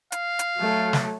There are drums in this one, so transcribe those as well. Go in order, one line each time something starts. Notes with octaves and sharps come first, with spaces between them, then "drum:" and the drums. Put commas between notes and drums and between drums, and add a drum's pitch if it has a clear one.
F5, drum: hi-hat
drum: hi-hat
F#3 A3
drum: snare